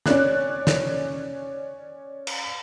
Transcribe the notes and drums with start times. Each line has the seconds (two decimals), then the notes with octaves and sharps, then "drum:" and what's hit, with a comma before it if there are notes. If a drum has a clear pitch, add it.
0.06 C#4 D5 F#6, drum: snare
0.67 drum: snare
2.27 drum: cymbal